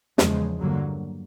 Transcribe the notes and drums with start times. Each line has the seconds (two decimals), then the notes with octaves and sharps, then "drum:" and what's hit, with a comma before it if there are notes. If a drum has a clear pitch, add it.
0.18 E2 C#3 F3 G#3, drum: snare
0.59 G2 D3 F#3 A#3